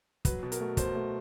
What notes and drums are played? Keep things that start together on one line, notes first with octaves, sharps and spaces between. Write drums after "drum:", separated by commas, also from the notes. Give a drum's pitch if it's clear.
F#3 B4, drum: kick, hi-hat
B2
A#4, drum: hi-hat
A3
B2 C5, drum: kick, hi-hat
A3